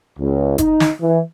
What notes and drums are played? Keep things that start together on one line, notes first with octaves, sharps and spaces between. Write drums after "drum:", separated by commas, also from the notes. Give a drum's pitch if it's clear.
C#2
D#4, drum: kick F#1, hi-hat
drum: snare
E3